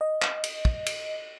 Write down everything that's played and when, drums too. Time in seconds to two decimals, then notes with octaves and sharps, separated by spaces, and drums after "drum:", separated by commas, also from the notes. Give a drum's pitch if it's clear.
0.01 D#5
0.22 drum: clap
0.44 drum: cymbal
0.65 drum: kick
0.86 drum: cymbal